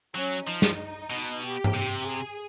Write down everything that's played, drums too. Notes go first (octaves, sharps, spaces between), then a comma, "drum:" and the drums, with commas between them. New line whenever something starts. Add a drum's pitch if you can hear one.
F#3 C#4
F3 D#4
drum: snare
B2
G4
drum: tom G#2
C3
G#4